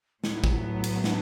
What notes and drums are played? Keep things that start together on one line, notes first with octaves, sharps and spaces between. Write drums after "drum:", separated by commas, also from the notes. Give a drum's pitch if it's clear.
A2 F#3 B3 E4, drum: snare
drum: kick
drum: cymbal
D4, drum: snare